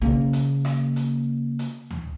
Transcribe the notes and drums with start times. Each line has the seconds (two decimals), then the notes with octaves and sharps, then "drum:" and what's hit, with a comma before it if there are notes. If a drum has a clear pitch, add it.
0.02 C#3 A#3
0.33 drum: hi-hat
0.65 drum: rim click
0.96 drum: hi-hat
1.59 drum: hi-hat
1.91 drum: tom D2